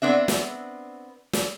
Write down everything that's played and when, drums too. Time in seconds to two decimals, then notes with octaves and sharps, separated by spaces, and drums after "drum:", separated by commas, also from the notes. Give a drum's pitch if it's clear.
0.02 B3 C4 D4 E5
0.28 drum: snare
1.33 drum: snare